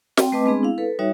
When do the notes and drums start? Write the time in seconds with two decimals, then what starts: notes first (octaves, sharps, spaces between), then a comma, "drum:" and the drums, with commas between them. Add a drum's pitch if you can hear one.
0.17 C4 G5, drum: snare
0.32 A3 C4 B4 D#5 A5 D6
0.45 G#3 B3 C4 D4 G#4
0.63 E4 F5
0.78 A4 B4
0.99 G3 D#4 F#4 C#5 E5